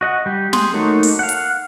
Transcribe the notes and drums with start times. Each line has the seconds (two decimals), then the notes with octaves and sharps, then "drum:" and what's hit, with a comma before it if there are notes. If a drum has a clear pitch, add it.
0.01 F#4 D#5 F#5
0.26 G3 G4
0.53 G#4 C6, drum: snare
0.74 A3 A#3 D#4 F#4 C#5
1.03 drum: open hi-hat
1.19 F5 F#5
1.29 drum: hi-hat